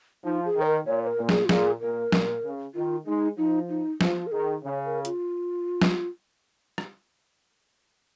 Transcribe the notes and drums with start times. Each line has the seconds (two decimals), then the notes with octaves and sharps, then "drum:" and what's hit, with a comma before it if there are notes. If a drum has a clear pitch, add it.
0.24 F3 D#4
0.45 G#4
0.56 D#3
0.61 C#5
0.66 A#4
0.86 A#2 C#5
1.03 C#5
1.07 A#4
1.18 A#2
1.29 G#4, drum: snare
1.45 F4
1.49 A#2 G#4, drum: snare
1.81 A#2 A#4
2.12 A#2, drum: snare
2.43 C#3
2.75 D#3 F4
3.06 G#3 D#4
3.37 F3 D#4
3.69 D#4
4.01 F3 F4, drum: snare
4.27 A#4
4.32 D#3 G#4
4.64 C#3 C#5
4.85 A#4
5.05 F4, drum: hi-hat
5.82 drum: snare
6.78 drum: rim click